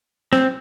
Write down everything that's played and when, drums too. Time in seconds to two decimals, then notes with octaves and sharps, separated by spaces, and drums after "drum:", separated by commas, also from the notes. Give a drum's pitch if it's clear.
0.33 C4, drum: snare